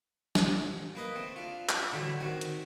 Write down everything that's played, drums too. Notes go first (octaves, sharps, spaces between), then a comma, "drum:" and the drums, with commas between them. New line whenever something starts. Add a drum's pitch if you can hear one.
A1, drum: snare
A#3 B4 D#5
A3 C4
D4 F4
drum: clap
A2 D3 E3 F#3 G3 A3
D#3 A3 C4 F#4
drum: hi-hat